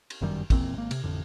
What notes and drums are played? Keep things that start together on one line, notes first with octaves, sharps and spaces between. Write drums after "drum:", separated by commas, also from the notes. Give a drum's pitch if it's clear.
drum: cymbal
G1 F#2 D#3 G3
D#1 E2 A#2 C4, drum: kick, cymbal
G#1 A#3
C3, drum: cymbal
A1 F2 D3